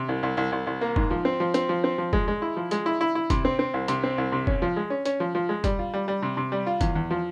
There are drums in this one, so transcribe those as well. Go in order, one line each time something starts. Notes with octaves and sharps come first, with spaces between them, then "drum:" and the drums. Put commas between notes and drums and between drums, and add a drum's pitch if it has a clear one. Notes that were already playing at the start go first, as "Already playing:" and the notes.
Already playing: C3
C2
C2
C2
C2
C2
A#3
G#2, drum: kick
F3
C4
F3
C4, drum: hi-hat
F3
C4
F3
G#3, drum: kick
G#3
E4
F3
G#3, drum: hi-hat
E4
E4
E4
C3, drum: kick, hi-hat
C4
C4
C2
C3, drum: hi-hat
C4
C2
C3
C#4, drum: kick
F3
G#3
C#4
C#4, drum: hi-hat
F3
F3
G#3
G3, drum: kick, hi-hat
F4
G3
G3
C3
C3
G3
F4
E2, drum: kick, hi-hat
E2
F3